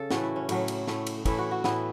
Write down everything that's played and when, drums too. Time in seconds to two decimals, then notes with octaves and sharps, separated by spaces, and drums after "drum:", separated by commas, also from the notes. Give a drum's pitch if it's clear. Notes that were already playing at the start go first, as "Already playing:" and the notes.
Already playing: C#3 A4
0.11 A2 E3 A3 F#4, drum: snare
0.23 E4
0.36 C#4
0.49 A2 F#3 A3, drum: cymbal
0.68 drum: cymbal
0.87 A2 A3, drum: snare
1.07 drum: cymbal
1.25 A2 E3 A3 E4, drum: kick, cymbal
1.38 F#4
1.51 F#4
1.64 A2 E3 B3 E4, drum: snare